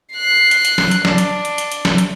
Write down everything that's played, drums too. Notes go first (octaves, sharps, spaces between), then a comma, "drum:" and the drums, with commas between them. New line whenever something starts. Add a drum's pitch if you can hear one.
F#6 C7
drum: hi-hat
drum: hi-hat
drum: snare
drum: hi-hat
D4, drum: snare
drum: hi-hat
drum: hi-hat
drum: hi-hat
drum: hi-hat
drum: snare
drum: hi-hat